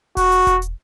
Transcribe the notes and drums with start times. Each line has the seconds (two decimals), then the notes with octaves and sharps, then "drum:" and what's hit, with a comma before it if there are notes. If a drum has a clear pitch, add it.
0.17 F#4, drum: kick E1, open hi-hat
0.32 drum: hi-hat
0.47 drum: kick E1, hi-hat
0.62 drum: hi-hat